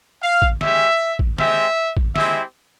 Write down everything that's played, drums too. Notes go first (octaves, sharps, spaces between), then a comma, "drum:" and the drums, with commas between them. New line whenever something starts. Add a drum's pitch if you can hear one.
F5
drum: kick
G#3 C#4 G4 E5, drum: snare
drum: kick
G#3 C4 G4 E5, drum: snare
drum: kick
G#3 C4 E4 G4 E5, drum: snare